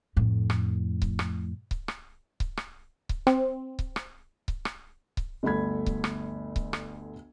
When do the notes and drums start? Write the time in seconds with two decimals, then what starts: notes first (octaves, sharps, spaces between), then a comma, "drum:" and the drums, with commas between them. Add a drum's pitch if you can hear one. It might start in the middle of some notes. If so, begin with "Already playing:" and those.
0.16 F2 A2
0.50 drum: rim click
1.02 drum: kick C#1
1.19 drum: rim click
1.71 drum: kick C#1
1.88 drum: rim click
2.40 drum: kick C#1
2.57 drum: rim click
3.09 drum: kick C#1
3.27 C4, drum: rim click
3.79 drum: kick C#1
3.96 drum: rim click
4.48 drum: kick C#1
4.65 drum: rim click
5.17 drum: kick C#1
5.43 G1 D2 A4 B5 G#6
5.86 drum: kick C#1
6.04 drum: rim click
6.56 drum: kick C#1
6.73 drum: rim click